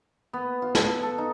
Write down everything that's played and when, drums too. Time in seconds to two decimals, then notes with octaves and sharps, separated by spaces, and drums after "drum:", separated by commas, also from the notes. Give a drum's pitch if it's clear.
0.33 B3
0.62 F4
0.75 A4, drum: snare
1.03 A4
1.18 D#4